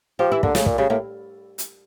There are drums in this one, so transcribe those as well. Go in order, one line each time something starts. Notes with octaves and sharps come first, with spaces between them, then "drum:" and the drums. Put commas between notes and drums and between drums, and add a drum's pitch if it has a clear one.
F3 G4
E3 E4
D3 A#3, drum: kick
C#3 A3, drum: snare
A#2, drum: kick
C#3 G3
A2 A#3
drum: hi-hat